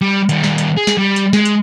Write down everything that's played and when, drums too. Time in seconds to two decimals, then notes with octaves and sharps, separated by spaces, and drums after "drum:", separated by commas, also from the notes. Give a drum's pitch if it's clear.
0.01 G3
0.29 D#3 G3, drum: hi-hat
0.44 drum: snare
0.58 drum: hi-hat
0.77 G#4
0.87 drum: snare
0.97 G3
1.16 drum: hi-hat
1.33 G#3, drum: snare
1.45 drum: hi-hat